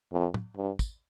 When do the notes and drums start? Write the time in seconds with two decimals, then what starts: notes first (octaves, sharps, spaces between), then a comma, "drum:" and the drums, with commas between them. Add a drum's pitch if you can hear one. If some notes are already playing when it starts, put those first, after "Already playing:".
0.12 F2
0.34 drum: tom
0.56 G2
0.79 drum: kick, tambourine